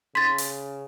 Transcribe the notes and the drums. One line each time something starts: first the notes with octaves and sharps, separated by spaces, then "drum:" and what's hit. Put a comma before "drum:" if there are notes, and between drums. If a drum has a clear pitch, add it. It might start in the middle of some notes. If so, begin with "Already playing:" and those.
C#3 C6 A6 B6
drum: hi-hat